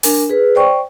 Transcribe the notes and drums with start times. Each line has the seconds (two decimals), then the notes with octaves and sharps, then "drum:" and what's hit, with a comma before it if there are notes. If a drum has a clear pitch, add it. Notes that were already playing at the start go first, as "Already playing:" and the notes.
0.03 D4 A#4 G#5, drum: open hi-hat
0.29 G#4 B4
0.55 C5 D5 G5 C#6